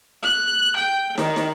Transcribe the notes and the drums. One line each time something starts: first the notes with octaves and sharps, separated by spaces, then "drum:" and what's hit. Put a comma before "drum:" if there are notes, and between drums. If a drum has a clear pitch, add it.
F#6
G5
D#3, drum: snare
drum: snare